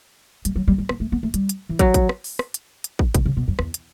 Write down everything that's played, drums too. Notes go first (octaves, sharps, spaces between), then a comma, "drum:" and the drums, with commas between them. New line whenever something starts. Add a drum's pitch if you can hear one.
G3, drum: hi-hat
F#3
G3
G3
B3, drum: rim click
A3
B3
A3
G3, drum: hi-hat
drum: hi-hat
E3
F#3, drum: kick, hi-hat
drum: kick, hi-hat
drum: rim click
drum: open hi-hat
drum: rim click
drum: hi-hat
drum: hi-hat
drum: kick
B2, drum: kick, hi-hat
C#3
B2
F#2
E2, drum: rim click
drum: hi-hat